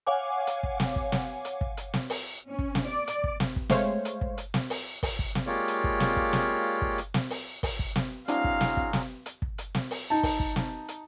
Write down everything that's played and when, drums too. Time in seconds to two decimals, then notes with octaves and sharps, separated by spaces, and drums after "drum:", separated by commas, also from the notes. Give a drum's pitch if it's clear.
0.07 C#5 F5 F#5 G#5 D6
0.47 drum: hi-hat
0.63 drum: kick
0.80 drum: snare
0.96 drum: kick
1.12 drum: snare
1.45 drum: hi-hat
1.61 drum: kick
1.77 drum: hi-hat
1.94 drum: snare
2.10 drum: open hi-hat
2.48 C#4
2.59 drum: kick
2.75 drum: snare
2.86 D5
3.07 drum: hi-hat
3.24 drum: kick
3.40 drum: snare
3.56 drum: kick
3.70 G#3 A3 C5 C#5 F5, drum: snare
4.05 drum: hi-hat
4.21 drum: kick
4.38 drum: hi-hat
4.54 drum: snare
4.70 drum: open hi-hat
5.03 drum: kick, open hi-hat
5.19 drum: kick
5.35 drum: snare
5.47 G#3 A#3 F4 G4 C#5 D5
5.68 drum: hi-hat
5.84 drum: kick
6.00 drum: snare
6.17 drum: kick
6.33 drum: snare
6.82 drum: kick
6.98 drum: hi-hat
7.14 drum: snare
7.30 drum: open hi-hat
7.63 drum: kick, open hi-hat
7.79 drum: kick
7.96 drum: snare
8.28 F#3 G#3 C4 D4 E4 F5, drum: hi-hat
8.44 drum: kick
8.61 drum: snare
8.77 drum: kick
8.93 drum: snare
9.26 drum: hi-hat
9.42 drum: kick
9.58 drum: hi-hat
9.75 drum: snare
9.91 drum: open hi-hat
10.10 D#4 A5
10.23 drum: kick, open hi-hat
10.40 drum: kick
10.56 drum: snare
10.88 drum: hi-hat